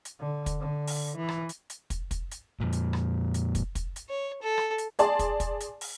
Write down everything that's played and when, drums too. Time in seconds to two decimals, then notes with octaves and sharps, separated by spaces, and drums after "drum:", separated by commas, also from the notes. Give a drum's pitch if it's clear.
0.05 drum: hi-hat
0.19 D3
0.46 drum: kick, hi-hat
0.60 D3
0.87 drum: open hi-hat
1.16 E3
1.29 drum: rim click
1.49 drum: hi-hat
1.70 drum: hi-hat
1.90 drum: kick, hi-hat
2.11 drum: kick, hi-hat
2.31 drum: hi-hat
2.60 F2 A#2
2.72 drum: hi-hat
2.93 drum: rim click
3.34 drum: hi-hat
3.55 drum: kick, hi-hat
3.75 drum: kick, hi-hat
3.96 drum: hi-hat
4.09 C#5
4.42 A4
4.58 drum: rim click
4.78 drum: hi-hat
4.99 G#4 D5 A5 C6, drum: hi-hat
5.19 drum: kick, hi-hat
5.40 drum: kick, hi-hat
5.60 drum: hi-hat
5.81 drum: open hi-hat